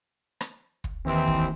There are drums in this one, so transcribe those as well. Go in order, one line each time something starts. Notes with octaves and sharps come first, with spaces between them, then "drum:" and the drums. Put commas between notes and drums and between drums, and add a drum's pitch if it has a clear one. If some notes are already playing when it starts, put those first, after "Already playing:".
drum: rim click
drum: kick
D#2 E3 C4
drum: kick